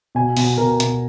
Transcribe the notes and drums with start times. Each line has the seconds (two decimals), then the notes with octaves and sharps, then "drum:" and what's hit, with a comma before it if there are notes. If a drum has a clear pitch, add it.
0.15 B2 G#5
0.37 B2, drum: open hi-hat
0.57 B2 A#4
0.80 B2, drum: hi-hat